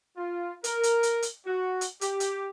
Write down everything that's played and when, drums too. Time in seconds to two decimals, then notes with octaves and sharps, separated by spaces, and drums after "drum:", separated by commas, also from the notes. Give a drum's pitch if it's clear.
0.17 F4
0.64 A#4, drum: hi-hat
0.83 drum: hi-hat
1.03 drum: hi-hat
1.22 drum: hi-hat
1.46 F#4
1.81 drum: hi-hat
2.01 G4, drum: hi-hat
2.20 drum: hi-hat